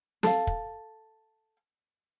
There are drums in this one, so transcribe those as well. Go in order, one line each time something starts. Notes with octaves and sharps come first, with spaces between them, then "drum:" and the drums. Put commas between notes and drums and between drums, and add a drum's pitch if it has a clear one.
A4 F5, drum: snare
drum: kick